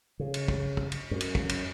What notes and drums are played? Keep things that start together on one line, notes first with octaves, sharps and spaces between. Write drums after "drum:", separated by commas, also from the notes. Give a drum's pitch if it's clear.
C#3
drum: cymbal
drum: kick
drum: kick
drum: cymbal
F#2
drum: cymbal
drum: kick
drum: cymbal